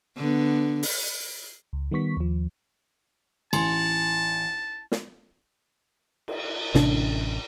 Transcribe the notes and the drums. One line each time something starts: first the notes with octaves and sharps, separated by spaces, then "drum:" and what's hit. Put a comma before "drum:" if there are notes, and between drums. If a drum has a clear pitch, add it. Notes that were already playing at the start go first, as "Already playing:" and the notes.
D3 B3
drum: open hi-hat
C#2
D#3 G3 B3 C#6 B6
D#2 F3
A1 G#5 A5 C6, drum: cymbal
drum: snare
drum: cymbal
A1 C3 D4, drum: snare